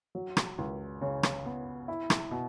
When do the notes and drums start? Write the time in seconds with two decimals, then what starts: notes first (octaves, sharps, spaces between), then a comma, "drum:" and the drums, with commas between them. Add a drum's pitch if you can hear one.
0.15 F#3
0.37 drum: rim click
0.58 C#2
1.01 C#3
1.23 drum: rim click
1.45 B3
1.88 E4
2.10 drum: rim click
2.31 B2